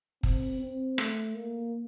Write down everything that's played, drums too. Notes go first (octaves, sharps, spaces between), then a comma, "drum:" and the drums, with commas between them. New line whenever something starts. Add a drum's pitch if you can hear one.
C4, drum: kick
C4
A3, drum: rim click
A#3